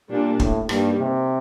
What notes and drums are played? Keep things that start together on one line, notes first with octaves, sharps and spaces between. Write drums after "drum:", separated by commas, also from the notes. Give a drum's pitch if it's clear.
A#2 G3 A#3 D4
A2, drum: kick
G2 D#3 G3 A#3, drum: rim click
C3